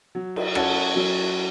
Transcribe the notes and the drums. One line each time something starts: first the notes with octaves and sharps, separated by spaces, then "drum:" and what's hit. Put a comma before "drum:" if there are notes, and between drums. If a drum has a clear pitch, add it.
F#3
drum: cymbal
C#4 F#4 A4 C#5, drum: rim click
F#3